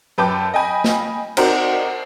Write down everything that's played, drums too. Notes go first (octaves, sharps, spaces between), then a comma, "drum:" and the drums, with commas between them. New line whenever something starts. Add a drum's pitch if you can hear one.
F#2 B4 G5 A5 D6 G6
D#5 G5 G#5 B5
drum: snare
C4 D#4 F#4 A#4 C5 D5, drum: cymbal